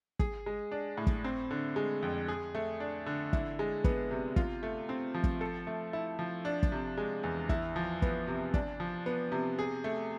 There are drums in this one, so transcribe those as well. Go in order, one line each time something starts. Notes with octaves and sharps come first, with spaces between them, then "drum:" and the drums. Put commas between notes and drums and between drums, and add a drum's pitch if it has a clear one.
G#4, drum: kick
G#3
D4
A2
drum: kick
C4
D3
G#3
F2
G#4
A3
D4
D3
E4, drum: kick
G#3
B3, drum: kick
C3
F4, drum: kick
A3
C4
F3
drum: kick
A4
A3
E4
F3
D4
drum: kick
C3
G#3
E2
E4, drum: kick
F3
B3, drum: kick
C3
D4, drum: kick
F3
B3
C3
G#4
A3